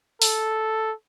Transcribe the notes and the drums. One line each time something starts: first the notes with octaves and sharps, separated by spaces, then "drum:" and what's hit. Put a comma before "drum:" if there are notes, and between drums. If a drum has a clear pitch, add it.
A4, drum: open hi-hat